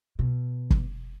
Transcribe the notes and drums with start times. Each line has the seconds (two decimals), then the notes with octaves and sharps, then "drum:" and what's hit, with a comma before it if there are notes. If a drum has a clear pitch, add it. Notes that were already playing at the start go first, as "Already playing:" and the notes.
0.19 B2
0.70 drum: kick